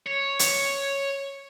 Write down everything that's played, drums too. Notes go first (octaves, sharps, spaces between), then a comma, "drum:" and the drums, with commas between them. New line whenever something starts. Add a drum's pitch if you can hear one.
C#5
drum: hi-hat